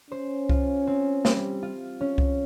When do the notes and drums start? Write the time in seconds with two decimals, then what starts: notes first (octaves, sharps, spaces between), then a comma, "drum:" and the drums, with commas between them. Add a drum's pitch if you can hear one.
0.10 C#4 C5
0.49 F4, drum: kick C2
0.87 C4
1.25 G3, drum: snare
1.63 F4
2.01 C#4
2.18 drum: kick C2